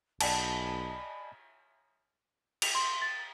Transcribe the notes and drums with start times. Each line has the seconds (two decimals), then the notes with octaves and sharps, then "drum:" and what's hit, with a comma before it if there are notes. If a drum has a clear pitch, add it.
0.21 B1 D5 D#5 F#5 G#5 A5 B5, drum: cymbal
2.62 F7, drum: cymbal
2.75 C6
3.02 A6